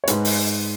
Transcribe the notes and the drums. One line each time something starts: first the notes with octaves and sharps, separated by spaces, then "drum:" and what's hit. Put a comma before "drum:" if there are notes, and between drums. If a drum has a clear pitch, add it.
C#5
G#2 G#3 B4, drum: hi-hat
drum: open hi-hat